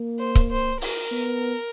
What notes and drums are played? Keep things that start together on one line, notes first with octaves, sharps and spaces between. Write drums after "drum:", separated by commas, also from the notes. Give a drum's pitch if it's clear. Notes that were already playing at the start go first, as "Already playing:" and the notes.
Already playing: A#3
C5
drum: kick C#1
C5
A#4, drum: open hi-hat
B3